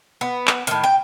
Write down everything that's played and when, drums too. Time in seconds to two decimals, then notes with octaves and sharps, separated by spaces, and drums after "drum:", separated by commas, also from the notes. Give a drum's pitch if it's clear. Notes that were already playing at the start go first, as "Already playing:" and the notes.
0.21 B3
0.47 drum: clap
0.67 A2 D#3, drum: hi-hat
0.84 G5